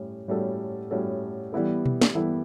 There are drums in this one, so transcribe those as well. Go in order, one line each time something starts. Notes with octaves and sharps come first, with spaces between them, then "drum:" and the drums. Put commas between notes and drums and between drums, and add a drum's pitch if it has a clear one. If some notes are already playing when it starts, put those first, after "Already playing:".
Already playing: A2 G3 C#4
A2 G3 C#4 F#4 A4
A2 G3 C#4 F#4 A4
E3 G3 B3 E4 A4
drum: tom B2
drum: snare
E3 G3 B3 E4 A4